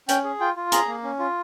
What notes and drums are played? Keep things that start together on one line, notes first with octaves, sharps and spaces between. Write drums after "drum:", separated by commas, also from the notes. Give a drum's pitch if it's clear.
C#4 G5, drum: hi-hat
G#4
F4 G5
F4
G#4 A#5, drum: hi-hat
A#3
C#4
F4